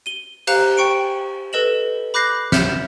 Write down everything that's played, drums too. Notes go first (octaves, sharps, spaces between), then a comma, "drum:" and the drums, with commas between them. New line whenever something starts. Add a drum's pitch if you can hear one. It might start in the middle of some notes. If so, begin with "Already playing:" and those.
D#7 G7
G4 C5 F5 A#5 F#6 C#7, drum: cymbal
G5 C#6 C#7 D7
A4 B4 D#5 E7 F#7
B5 D6 F#6 G6 A#6 C7
E5 F6 G6 C#7 E7, drum: snare